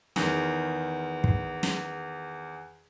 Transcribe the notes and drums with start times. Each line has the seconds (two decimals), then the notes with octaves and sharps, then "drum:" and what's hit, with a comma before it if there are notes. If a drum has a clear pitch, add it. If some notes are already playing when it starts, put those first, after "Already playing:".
0.16 E2 D#3, drum: snare
1.24 drum: kick
1.63 drum: snare